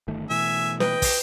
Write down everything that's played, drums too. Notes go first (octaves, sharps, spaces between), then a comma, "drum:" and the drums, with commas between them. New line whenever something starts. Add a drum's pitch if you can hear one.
G1 D#3 A3
B2 E3 A3 E5 G#5
B4 D#5 G5, drum: snare
drum: kick, open hi-hat